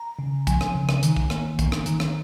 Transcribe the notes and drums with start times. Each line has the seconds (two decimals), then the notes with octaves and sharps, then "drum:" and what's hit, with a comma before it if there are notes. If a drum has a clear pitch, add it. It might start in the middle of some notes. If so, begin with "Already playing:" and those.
Already playing: A#5
0.19 C#3
0.47 F3 G#5, drum: kick, hi-hat
0.61 drum: rim click
0.75 C#3
0.89 drum: rim click
1.03 D#3, drum: hi-hat
1.17 drum: kick
1.30 A#3, drum: rim click
1.59 D#3, drum: kick, hi-hat
1.72 drum: rim click
1.86 D#3, drum: hi-hat
2.00 drum: rim click